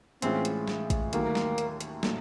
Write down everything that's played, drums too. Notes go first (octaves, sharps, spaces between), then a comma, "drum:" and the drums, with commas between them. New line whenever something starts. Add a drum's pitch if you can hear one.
A2 E3 G#3 C4 C#4 F4, drum: hi-hat
drum: hi-hat
drum: snare
drum: kick A1, hi-hat
D#2 D#3 F#3 A3 A#3, drum: hi-hat
drum: snare
drum: hi-hat
drum: hi-hat
A#2 F#3 A3, drum: snare